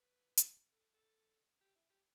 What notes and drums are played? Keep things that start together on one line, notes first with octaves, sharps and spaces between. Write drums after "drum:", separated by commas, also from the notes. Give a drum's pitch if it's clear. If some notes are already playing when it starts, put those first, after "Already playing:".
Already playing: B4
drum: hi-hat
A4
A4
G4
E4
G4